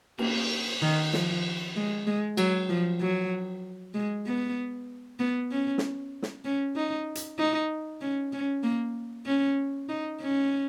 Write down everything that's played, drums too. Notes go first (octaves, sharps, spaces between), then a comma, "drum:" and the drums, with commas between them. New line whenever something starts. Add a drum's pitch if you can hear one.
A#3, drum: cymbal
D#3
F3, drum: snare
G#3
G#3
F#3, drum: cymbal
F3
F#3
G#3
B3
B3
C#4
drum: snare
drum: snare
C#4
D#4
drum: hi-hat
D#4
C#4
C#4
A#3
C#4
D#4
C#4